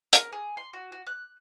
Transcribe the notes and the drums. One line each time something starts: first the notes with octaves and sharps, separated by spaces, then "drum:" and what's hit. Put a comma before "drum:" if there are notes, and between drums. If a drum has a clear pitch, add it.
A#4, drum: hi-hat
G#4
C6
F#4
F#4
F#6